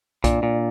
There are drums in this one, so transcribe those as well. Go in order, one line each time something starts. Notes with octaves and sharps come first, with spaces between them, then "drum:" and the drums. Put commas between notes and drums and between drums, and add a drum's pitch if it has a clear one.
A#2 D4, drum: kick B1, hi-hat
A#2